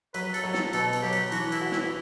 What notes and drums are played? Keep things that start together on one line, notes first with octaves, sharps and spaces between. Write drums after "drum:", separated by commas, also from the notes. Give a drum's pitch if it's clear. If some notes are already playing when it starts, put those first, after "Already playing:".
F#3 B4, drum: cymbal
A4, drum: cymbal
F#3
A4, drum: snare
B2 A4, drum: cymbal
drum: cymbal
F#3 G4
drum: cymbal
E3 F#4, drum: cymbal
E4, drum: cymbal
F#4
E4, drum: snare